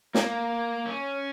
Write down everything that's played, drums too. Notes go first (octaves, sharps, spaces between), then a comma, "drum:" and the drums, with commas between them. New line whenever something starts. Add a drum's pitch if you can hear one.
A#3, drum: snare
C#4